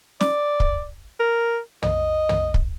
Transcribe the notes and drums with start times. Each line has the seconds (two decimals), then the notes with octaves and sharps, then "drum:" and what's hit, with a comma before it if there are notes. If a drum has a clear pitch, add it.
0.21 D5, drum: snare
0.60 drum: kick
1.20 A#4
1.82 D#5, drum: tom
2.29 drum: tom
2.54 drum: kick